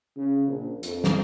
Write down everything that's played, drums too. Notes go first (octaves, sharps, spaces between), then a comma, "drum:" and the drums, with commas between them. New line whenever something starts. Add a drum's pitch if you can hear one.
C#3
A#1
F2, drum: hi-hat
drum: snare